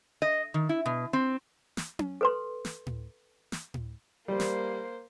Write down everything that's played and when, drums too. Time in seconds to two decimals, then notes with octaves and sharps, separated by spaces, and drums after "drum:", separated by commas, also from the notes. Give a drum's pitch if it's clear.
0.22 D#5
0.54 D#3
0.69 E4
0.86 B2
1.13 C4
1.77 drum: snare
1.99 drum: tom C#4
2.21 A4 B4 C6
2.65 drum: snare
2.87 drum: tom A2
3.52 drum: snare
3.74 drum: tom A2
4.28 G3 A#3 C5
4.40 drum: snare